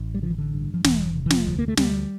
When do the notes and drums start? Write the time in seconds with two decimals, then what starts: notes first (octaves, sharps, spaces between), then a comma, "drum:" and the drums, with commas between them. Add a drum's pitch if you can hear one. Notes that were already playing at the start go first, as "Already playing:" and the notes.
Already playing: A1
0.14 G3
0.22 D3 F3
0.30 E3
0.38 D3
0.53 G2
0.74 F3
0.84 E1 E3, drum: snare
1.15 C3
1.26 E3
1.30 F3, drum: snare
1.46 D2
1.59 A#3
1.68 A3
1.77 D2 G3, drum: snare